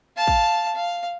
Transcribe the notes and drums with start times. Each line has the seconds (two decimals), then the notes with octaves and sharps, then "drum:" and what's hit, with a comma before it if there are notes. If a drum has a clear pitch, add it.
0.16 F5 A5
0.27 drum: kick
0.75 F5